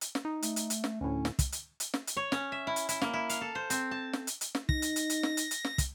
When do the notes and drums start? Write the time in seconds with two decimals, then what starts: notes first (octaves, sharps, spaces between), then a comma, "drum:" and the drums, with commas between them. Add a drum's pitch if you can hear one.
0.01 drum: hi-hat
0.15 drum: snare
0.25 D#4
0.42 A3, drum: hi-hat
0.56 drum: hi-hat
0.70 drum: hi-hat
0.84 drum: snare
1.01 D2 A2 C#4
1.25 drum: snare
1.39 drum: kick, hi-hat
1.52 drum: hi-hat
1.80 drum: hi-hat
1.94 drum: snare
2.07 drum: hi-hat
2.17 C#5
2.32 C#4, drum: snare
2.52 E5
2.67 E4
2.76 drum: hi-hat
2.89 E4, drum: hi-hat
3.02 A#3, drum: snare
3.14 E4
3.29 F5, drum: hi-hat
3.41 A4
3.55 C5
3.70 C4, drum: hi-hat
3.91 A5
4.13 drum: snare
4.27 drum: hi-hat
4.41 drum: hi-hat
4.55 drum: snare
4.69 D#4 A#6, drum: kick
4.82 drum: hi-hat
4.96 drum: hi-hat
5.10 drum: hi-hat
5.23 drum: snare
5.37 drum: hi-hat
5.51 drum: hi-hat
5.65 drum: snare
5.78 drum: kick, hi-hat